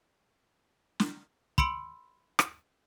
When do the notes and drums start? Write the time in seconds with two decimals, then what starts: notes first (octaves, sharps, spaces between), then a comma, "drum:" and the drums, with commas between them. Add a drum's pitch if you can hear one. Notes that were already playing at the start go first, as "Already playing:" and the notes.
1.00 drum: snare
1.58 B5 C6 E6 C#7 D7 F#7, drum: kick
2.39 drum: rim click